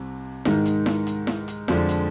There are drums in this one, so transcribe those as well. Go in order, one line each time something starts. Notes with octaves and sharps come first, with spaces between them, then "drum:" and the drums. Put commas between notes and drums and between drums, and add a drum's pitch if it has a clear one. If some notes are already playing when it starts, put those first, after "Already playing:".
Already playing: C2 C3
G#2 D#3 G#3 D#4, drum: snare E4
drum: hi-hat
drum: snare E4
drum: hi-hat
drum: snare E4
drum: hi-hat
F2 D3 F3 G#3 D4, drum: snare E4
drum: hi-hat